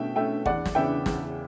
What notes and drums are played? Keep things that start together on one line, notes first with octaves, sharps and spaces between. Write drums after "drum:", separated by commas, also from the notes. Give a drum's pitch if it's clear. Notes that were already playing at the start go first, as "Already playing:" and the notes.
Already playing: B2 A3 C#4 E5 G5
A3 C#4 E5 G5
E2 D5 F#5, drum: kick
drum: snare
C#3 E3 B3 D4 E5 G5
E2, drum: snare